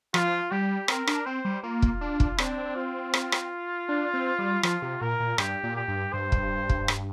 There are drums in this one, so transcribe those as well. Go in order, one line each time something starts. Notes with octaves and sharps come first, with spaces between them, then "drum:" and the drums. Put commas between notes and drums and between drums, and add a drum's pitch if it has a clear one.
F3 F4, drum: rim click
G3 G4
C4 A#4, drum: rim click
D4, drum: rim click
C4 C5
G3
A#3 F4
drum: kick
D4
drum: kick
C4 D4, drum: rim click
F4
drum: rim click
drum: rim click
D4
C4
G3
F3 F4, drum: rim click
C3
A#2 A#4
A#2
G2 G4, drum: rim click
A#2
G4
G2
G2 C5
drum: kick
drum: kick
drum: rim click